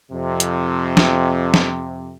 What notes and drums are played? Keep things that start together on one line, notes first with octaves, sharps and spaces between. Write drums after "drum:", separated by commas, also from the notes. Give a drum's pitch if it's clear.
F2 C3
drum: hi-hat
drum: snare
drum: snare